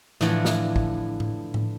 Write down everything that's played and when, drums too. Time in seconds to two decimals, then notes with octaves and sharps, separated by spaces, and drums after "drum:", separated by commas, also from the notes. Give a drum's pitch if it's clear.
0.21 A2 D3 E3 F3 D4, drum: snare
0.45 drum: snare
0.76 drum: kick
1.20 drum: tom A2
1.54 drum: tom A2